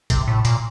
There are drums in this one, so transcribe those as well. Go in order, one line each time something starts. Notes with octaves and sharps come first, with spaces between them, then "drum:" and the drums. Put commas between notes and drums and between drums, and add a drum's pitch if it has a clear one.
C3, drum: kick A1, hi-hat
A2
A#2, drum: hi-hat